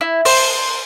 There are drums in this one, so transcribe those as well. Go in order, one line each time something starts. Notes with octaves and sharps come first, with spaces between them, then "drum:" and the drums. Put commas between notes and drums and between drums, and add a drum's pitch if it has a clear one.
E4
C5, drum: open hi-hat